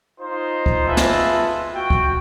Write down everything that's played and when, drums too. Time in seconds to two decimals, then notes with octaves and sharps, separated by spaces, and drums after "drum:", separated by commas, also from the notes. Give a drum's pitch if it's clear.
0.20 D#4 F4 C5
0.66 drum: kick
0.87 G#3 F4 A4 B4 E5 A5
0.97 drum: snare
1.75 F#4 G5
1.90 drum: kick